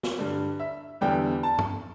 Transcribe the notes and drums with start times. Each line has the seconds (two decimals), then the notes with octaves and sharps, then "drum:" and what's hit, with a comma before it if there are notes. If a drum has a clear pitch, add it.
0.03 drum: snare
0.19 G2 D3 G3
0.60 E5
1.01 E2 D3 G3 G5
1.43 A5
1.59 drum: tom